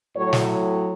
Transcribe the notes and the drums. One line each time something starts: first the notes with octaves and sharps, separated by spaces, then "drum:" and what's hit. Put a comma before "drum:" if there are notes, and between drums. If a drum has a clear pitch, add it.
A2 F#3 C#5
drum: snare